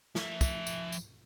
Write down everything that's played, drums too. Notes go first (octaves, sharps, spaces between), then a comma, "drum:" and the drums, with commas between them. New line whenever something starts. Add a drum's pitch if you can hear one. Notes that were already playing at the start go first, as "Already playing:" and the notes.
F3 E5, drum: snare
drum: kick, tambourine
drum: tambourine
drum: tambourine